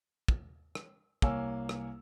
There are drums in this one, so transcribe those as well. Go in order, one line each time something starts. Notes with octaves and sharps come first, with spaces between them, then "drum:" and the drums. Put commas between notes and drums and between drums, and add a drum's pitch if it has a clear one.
drum: kick
drum: rim click
C2 A#3 C#5 F5 G#5 E6, drum: kick
drum: rim click